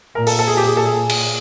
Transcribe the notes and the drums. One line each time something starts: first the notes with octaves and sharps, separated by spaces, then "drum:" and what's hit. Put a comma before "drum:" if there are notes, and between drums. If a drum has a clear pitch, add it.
A#2 A#4
A4, drum: open hi-hat
A4
G#4
G4
G#4
A4
G#4
drum: cymbal